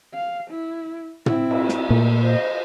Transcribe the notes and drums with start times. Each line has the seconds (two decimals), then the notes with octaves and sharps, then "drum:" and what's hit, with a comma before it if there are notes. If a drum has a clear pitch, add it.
0.14 F5
0.50 E4
1.26 C4 E4, drum: tom
1.51 drum: cymbal
1.69 drum: snare
1.90 A#2 A3
2.23 C5 D#5